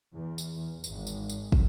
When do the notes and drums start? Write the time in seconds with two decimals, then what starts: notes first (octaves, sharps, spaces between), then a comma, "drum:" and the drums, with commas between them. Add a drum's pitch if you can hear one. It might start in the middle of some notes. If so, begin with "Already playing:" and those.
0.13 E2
0.38 drum: tambourine
0.56 E2
0.84 G#1, drum: tambourine
1.07 drum: tambourine
1.29 drum: tambourine
1.52 drum: kick